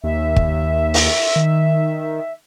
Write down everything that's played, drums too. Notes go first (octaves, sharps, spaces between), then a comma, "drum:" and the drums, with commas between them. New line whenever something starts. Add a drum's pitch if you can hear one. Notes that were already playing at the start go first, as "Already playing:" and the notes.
D#2 E5
drum: kick
drum: open hi-hat
D#3